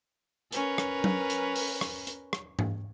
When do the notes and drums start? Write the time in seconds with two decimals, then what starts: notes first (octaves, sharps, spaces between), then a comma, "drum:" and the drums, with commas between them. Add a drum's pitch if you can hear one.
0.52 C#4 A#4 B4, drum: hi-hat
0.78 drum: rim click
1.04 drum: tom F#3
1.30 drum: hi-hat
1.56 drum: open hi-hat
1.81 drum: rim click
2.07 drum: hi-hat
2.33 drum: rim click
2.59 drum: tom G#2